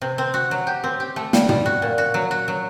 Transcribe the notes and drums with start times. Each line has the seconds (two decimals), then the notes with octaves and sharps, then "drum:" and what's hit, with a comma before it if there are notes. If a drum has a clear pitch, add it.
0.02 C3
0.18 C4
0.34 F#4
0.51 F#3
0.67 G4
0.84 C4
1.00 G4
1.16 A3
1.33 G3, drum: snare
1.49 G3, drum: tom
1.66 F#4
1.82 A#2
1.98 F#4
2.14 F#3
2.31 F#4
2.48 F#3